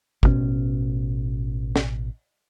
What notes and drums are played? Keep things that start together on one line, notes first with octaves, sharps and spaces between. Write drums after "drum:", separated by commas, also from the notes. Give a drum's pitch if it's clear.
A1 G2 B2 C#4, drum: kick
drum: snare